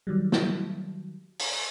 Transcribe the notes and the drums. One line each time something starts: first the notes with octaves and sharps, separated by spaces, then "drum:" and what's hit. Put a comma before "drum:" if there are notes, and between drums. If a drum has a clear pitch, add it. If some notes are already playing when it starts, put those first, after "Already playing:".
D#3 F#3 G3
drum: snare
drum: open hi-hat